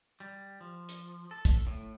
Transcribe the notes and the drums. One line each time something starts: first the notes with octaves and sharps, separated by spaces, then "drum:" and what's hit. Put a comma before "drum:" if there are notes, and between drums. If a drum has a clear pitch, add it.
G3
F3
drum: hi-hat
A4
drum: kick, hi-hat
A2